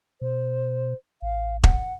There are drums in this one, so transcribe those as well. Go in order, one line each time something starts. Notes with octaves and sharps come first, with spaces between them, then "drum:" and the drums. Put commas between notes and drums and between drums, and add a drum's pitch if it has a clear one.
B2 C5
A1 F5
F#5, drum: kick E1